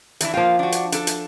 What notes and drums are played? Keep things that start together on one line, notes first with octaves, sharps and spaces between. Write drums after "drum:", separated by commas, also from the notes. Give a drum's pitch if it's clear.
E3 D4 E4, drum: hi-hat
F3 A#3 F4 G5
D4 F#4
drum: hi-hat
D4 A4, drum: hi-hat
drum: hi-hat